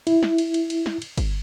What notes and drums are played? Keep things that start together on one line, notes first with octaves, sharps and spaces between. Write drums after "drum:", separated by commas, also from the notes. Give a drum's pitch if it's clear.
E4, drum: cymbal
drum: snare
drum: cymbal
drum: cymbal
drum: cymbal
drum: snare
drum: cymbal
drum: kick G1, cymbal